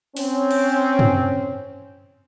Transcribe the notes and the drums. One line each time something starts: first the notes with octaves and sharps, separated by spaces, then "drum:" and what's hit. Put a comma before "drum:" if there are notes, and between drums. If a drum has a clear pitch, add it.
C4 C#4, drum: open hi-hat
drum: cymbal
drum: tom